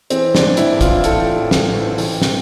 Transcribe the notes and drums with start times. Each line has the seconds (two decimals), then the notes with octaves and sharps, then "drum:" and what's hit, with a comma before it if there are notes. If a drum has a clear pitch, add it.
0.10 E3 C4, drum: hi-hat
0.35 D4, drum: snare
0.42 A1
0.57 E4, drum: hi-hat
0.73 A1
0.81 F4, drum: kick, hi-hat
1.04 A2 A4, drum: hi-hat
1.35 A1
1.51 drum: snare
1.67 A1
1.98 A1, drum: open hi-hat
2.22 drum: snare